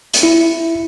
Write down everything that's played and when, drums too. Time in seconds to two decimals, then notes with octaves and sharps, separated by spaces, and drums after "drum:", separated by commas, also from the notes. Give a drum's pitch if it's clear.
0.13 drum: hi-hat
0.23 E4